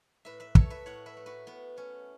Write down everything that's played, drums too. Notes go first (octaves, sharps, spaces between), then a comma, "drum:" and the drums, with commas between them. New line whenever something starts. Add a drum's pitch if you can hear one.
A2 B4 E5
B4 E5
A3 A4 C#5, drum: kick
B4 E5
A2 C#5 F#5
B4 E5
A3
F#4 B4
A2 B3
A3 C#4